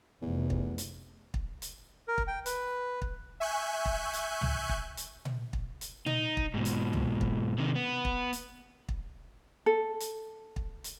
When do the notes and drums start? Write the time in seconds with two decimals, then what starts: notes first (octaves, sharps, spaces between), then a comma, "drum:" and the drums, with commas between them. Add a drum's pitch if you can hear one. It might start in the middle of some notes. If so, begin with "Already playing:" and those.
0.22 F1 E2
0.50 drum: kick
0.78 drum: hi-hat
1.34 drum: kick
1.62 drum: hi-hat
2.08 A#4
2.18 drum: kick
2.27 G5
2.46 B4, drum: hi-hat
3.02 drum: kick
3.40 E5 G#5 C#6 F#6 G6
3.85 drum: kick
4.13 drum: hi-hat
4.41 drum: tom C#2
4.69 drum: kick
4.97 drum: hi-hat
5.25 drum: tom A#2
5.53 drum: kick
5.81 drum: hi-hat
6.06 D#4, drum: tom A#2
6.37 drum: kick
6.54 G#2 B2
6.65 drum: hi-hat
6.93 drum: tom C#2
7.21 drum: kick
7.58 C3 D#3
7.75 B3
8.05 drum: kick
8.33 drum: hi-hat
8.89 drum: kick
9.66 A4
10.00 drum: hi-hat
10.56 drum: kick
10.84 drum: hi-hat